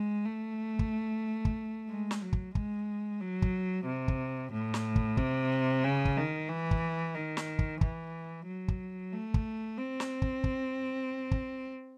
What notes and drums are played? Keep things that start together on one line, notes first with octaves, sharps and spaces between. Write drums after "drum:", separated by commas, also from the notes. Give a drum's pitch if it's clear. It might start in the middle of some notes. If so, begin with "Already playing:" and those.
Already playing: G#3
A3
drum: kick
drum: kick
G#3
drum: snare
F#3
drum: kick
G#3, drum: kick
F#3
drum: kick
C3
drum: kick
A2
drum: snare
drum: kick
C3, drum: kick
C#3
drum: kick
D#3
E3
drum: kick
D#3
drum: snare
drum: kick
E3, drum: kick
F#3
drum: kick
A3
drum: kick
C4
drum: snare
drum: kick
drum: kick
drum: kick